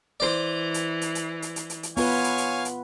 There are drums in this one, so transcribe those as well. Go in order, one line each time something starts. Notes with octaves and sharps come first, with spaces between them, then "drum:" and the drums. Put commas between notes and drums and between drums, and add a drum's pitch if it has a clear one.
E3 C5 D5
drum: hi-hat
drum: hi-hat
drum: hi-hat
drum: hi-hat
drum: hi-hat
drum: hi-hat
drum: hi-hat
B3 F4 B4 C#5 F5 G#5, drum: open hi-hat
drum: hi-hat
drum: hi-hat
drum: hi-hat